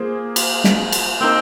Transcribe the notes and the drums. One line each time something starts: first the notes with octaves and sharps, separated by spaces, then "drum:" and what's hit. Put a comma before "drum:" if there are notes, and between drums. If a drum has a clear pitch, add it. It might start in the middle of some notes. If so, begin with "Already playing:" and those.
Already playing: A#3 F4 G#4 C5
drum: cymbal
drum: snare
drum: cymbal
A#3 C4 D#4 A#4